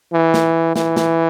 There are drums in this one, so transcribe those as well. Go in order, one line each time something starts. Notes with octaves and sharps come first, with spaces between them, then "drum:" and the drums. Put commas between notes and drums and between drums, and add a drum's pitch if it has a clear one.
E3
drum: snare
E3, drum: snare
drum: snare